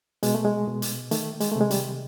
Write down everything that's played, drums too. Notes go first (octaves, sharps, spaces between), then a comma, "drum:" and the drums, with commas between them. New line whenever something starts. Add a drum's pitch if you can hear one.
B2 G#3, drum: hi-hat
A3
G#3
B2
drum: hi-hat
D#3 A3, drum: hi-hat
G#3, drum: hi-hat
C3 A3
G#3
G3, drum: hi-hat